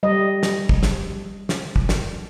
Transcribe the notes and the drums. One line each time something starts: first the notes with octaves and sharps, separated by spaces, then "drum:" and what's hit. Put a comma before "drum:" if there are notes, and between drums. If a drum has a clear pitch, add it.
G3 D#5
drum: snare
drum: kick
drum: snare
drum: snare
drum: kick
drum: snare